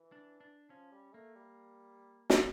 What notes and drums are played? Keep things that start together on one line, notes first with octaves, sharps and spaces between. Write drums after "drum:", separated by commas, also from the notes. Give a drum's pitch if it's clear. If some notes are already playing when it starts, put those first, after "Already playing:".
Already playing: E3
D4
D4
F3 C#4
G3
A3 A#3
G3
drum: snare